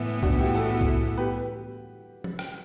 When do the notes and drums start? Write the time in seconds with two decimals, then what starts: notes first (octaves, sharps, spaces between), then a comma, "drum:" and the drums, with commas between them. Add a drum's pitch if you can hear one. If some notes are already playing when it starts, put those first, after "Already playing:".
Already playing: A2 E3 B3
0.23 D4 F#4, drum: kick C2
0.38 E4 G4
0.55 F#4 A4
0.81 drum: kick C2
1.18 G4 B4
2.24 drum: tom F3
2.39 drum: rim click